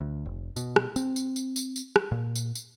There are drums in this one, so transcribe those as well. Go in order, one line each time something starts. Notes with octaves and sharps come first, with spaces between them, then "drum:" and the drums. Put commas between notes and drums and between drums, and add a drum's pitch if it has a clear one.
D2
F1
B2, drum: tambourine
drum: rim click
C4, drum: tambourine
drum: tambourine
drum: tambourine
drum: tambourine
drum: tambourine
drum: rim click
A#2
drum: tambourine
drum: tambourine